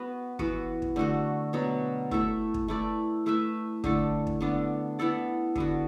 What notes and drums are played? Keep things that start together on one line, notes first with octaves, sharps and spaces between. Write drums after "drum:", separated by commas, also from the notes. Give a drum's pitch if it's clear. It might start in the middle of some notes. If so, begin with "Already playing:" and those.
Already playing: B3 F#4 B4
E3 B3 F#4 B4, drum: kick
drum: kick
D3 A3 F#4 A4
B2 F#3 B3 F#4
A3 E4 A4 E5, drum: kick
drum: kick
A3 E4 B4 D5
A3 E4 B4 E5
D3 A3 E4 A4, drum: kick
drum: kick
D3 B3 D4
B3 E4 A4 D5
D3 B3 F#4, drum: kick